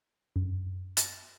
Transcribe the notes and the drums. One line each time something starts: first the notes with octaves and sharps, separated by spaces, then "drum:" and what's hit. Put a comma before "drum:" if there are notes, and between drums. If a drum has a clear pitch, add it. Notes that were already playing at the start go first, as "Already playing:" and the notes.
F#2
A6 A#6, drum: hi-hat